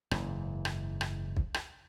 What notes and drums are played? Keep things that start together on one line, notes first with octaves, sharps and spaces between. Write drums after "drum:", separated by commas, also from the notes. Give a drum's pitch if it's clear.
F#1 G#2 E3, drum: rim click
drum: rim click
drum: rim click
drum: kick
drum: rim click